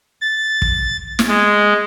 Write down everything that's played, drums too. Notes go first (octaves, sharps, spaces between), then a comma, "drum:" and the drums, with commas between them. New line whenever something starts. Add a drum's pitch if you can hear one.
A6
drum: kick
drum: snare
G#3